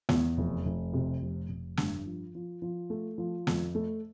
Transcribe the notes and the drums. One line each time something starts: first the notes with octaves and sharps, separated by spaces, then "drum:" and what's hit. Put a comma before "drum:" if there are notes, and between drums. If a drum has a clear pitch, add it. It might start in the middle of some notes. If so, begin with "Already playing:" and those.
E2, drum: snare
F1
F1
C3
F1
F1
G2, drum: snare
F3
F3
F3
A3
F3
F2, drum: snare
A3